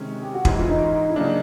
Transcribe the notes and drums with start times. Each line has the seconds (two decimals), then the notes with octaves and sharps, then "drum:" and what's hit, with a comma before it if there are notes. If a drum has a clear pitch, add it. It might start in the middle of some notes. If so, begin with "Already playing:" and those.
Already playing: C3 D#3 G#3 C#4
0.22 G4
0.34 F#4
0.45 G#2 E3 G#3 C#4 E4, drum: kick
0.58 F4
0.69 D#4
1.10 E4
1.16 C#3 F#3 A#3 D4 D#4